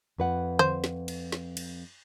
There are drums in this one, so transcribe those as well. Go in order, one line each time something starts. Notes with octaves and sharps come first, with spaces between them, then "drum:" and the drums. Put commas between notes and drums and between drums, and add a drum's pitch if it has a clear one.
F2 B4 F#5
C5, drum: tom D3
drum: snare
drum: cymbal
drum: snare
drum: cymbal